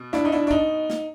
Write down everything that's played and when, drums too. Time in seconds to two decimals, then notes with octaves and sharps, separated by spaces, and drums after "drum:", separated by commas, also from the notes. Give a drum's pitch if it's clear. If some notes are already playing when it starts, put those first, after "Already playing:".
Already playing: B2
0.13 D4 E4, drum: snare
0.25 D#4
0.32 D4 E4
0.47 D4
0.51 D#4, drum: kick A#1
0.90 drum: snare